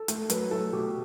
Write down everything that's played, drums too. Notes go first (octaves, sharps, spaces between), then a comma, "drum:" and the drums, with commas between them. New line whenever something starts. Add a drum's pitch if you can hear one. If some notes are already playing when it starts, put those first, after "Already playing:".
Already playing: A4
A3, drum: hi-hat
F#3 B4, drum: hi-hat
A3 A4
B2 G4